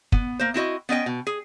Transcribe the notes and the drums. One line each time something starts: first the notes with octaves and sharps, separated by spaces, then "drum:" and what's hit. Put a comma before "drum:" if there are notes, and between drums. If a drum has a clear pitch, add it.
B3, drum: kick
A#3 C5
C4 E4 F#4 D#5
B3 C#4 D#5 G5
B2
G#4